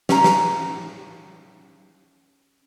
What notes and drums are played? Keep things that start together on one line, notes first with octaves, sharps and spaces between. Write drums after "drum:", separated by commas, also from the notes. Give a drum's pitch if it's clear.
C#4 A#5, drum: snare
drum: snare